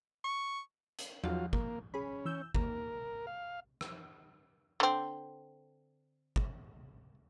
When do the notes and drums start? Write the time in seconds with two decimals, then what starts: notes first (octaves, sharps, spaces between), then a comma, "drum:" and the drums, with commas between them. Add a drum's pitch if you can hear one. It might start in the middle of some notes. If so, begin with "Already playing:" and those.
0.24 C#6
0.99 drum: hi-hat
1.24 E2 F#3 F4, drum: tom F3
1.53 A#3, drum: kick G1
1.94 C#4 G#4 B5
2.25 E3 E6 G6
2.55 D#2 D#3 A#3 A#4, drum: kick G1
3.27 F5
3.81 drum: rim click
4.80 D3 C4
6.36 drum: kick G1